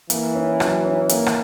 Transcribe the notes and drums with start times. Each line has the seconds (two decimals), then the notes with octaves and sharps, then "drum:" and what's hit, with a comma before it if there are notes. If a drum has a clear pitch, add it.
0.10 E3 A#3, drum: hi-hat
0.35 C#4
0.60 F#3, drum: rim click
0.85 C#4
1.09 A#3, drum: hi-hat
1.26 drum: rim click